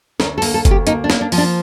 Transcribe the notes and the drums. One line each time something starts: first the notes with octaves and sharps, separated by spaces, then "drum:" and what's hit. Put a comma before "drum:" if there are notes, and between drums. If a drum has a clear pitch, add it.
D2 A#4, drum: snare
A4
A#3, drum: open hi-hat
A4
D2, drum: kick F#1, hi-hat
G4
A#3 D#4, drum: hi-hat
D4
A#3, drum: snare
D4
F3, drum: open hi-hat
D4